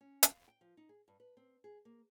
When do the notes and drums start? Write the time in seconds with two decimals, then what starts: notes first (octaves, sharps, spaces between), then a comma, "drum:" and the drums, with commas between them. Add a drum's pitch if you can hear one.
0.01 C#4
0.23 F5, drum: hi-hat
0.48 G5
0.61 F3
0.77 D#4
0.89 G#4
1.08 G2
1.20 B4
1.37 C4
1.64 G#4
1.85 A#3